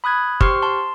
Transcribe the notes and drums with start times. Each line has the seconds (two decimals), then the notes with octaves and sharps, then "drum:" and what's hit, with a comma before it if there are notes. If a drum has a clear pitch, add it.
0.04 B5 D#6 F#6 G#6
0.41 G4 C5 C6 C#6 F6, drum: kick
0.62 A5 C6